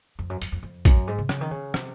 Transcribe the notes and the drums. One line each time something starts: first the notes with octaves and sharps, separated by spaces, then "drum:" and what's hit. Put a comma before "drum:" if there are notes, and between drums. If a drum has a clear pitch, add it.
F2
F#2
F2, drum: hi-hat
F2
F2
F#2, drum: kick A#1, hi-hat
G#2
C3
C#3, drum: rim click
D#3
C#3
C3, drum: rim click